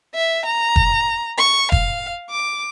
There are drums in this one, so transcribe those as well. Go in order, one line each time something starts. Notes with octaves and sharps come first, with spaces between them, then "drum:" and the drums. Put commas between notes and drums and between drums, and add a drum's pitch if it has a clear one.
E5
A#5
drum: kick
C#6
F5, drum: kick
D6